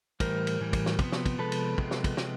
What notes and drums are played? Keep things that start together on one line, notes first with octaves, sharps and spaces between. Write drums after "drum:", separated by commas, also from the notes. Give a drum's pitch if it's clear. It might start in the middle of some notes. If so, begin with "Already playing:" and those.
A2 E3 G3 A#4 C5, drum: kick, cymbal
drum: cymbal
A2 E3 G3
drum: kick, cymbal
drum: snare
C3 F3 G#3 B3, drum: kick, cymbal
drum: snare
drum: kick, cymbal
C3 F3 G#3 B3 A4 B4
drum: cymbal
C3 F3 G#3 B3, drum: kick
drum: snare
drum: kick, cymbal
C3 F3 G#3 B3, drum: snare